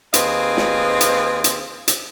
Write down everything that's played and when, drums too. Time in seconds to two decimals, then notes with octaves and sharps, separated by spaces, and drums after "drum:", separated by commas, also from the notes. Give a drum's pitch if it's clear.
0.14 D#2 C4 G#4 B4 D#5 F5, drum: hi-hat
0.57 drum: snare
1.01 drum: hi-hat
1.44 drum: hi-hat
1.88 drum: hi-hat